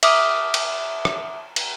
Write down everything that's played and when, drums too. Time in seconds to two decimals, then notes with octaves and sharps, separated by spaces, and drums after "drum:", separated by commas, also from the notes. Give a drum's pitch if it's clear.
0.03 E5 D6 D#6 F6, drum: cymbal
0.54 drum: cymbal
1.05 drum: rim click
1.56 drum: cymbal